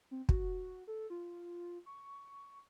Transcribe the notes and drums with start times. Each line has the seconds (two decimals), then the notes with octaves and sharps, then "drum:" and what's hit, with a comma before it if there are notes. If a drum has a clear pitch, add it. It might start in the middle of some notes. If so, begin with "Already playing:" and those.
0.11 C4
0.29 F#4, drum: kick
0.87 A4
1.10 F4
1.86 C#6